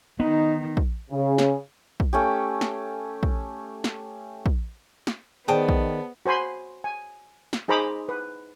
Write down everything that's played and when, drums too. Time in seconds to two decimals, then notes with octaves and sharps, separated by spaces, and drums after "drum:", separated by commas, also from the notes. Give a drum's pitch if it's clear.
0.20 D#3 B3 D#4
0.77 drum: kick
1.11 C#3
1.38 drum: snare
2.00 drum: kick
2.13 A3 C#4 G4
2.61 drum: snare
3.23 drum: kick
3.84 drum: snare
4.46 drum: kick
5.07 drum: snare
5.48 D#3 B3 G#4 C5 D5 G5 A5 D#6
5.69 drum: kick
6.26 F#4 C5 G#5 B5 C6
6.84 G#5
7.53 drum: snare
7.68 D#4 G#4 C5 A#5 B5 D6
8.09 B4